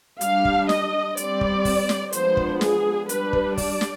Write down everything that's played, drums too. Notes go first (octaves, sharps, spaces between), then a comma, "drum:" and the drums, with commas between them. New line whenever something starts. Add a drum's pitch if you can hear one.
G3 D4 F5, drum: hi-hat
drum: kick
D#5, drum: snare
G3 C4 D5, drum: hi-hat
drum: kick
drum: kick, open hi-hat
drum: snare
F3 G#3 B3 D4 C5, drum: hi-hat
drum: kick
G#4, drum: snare
G3 D4 B4, drum: hi-hat
drum: kick
D5, drum: kick, open hi-hat
drum: snare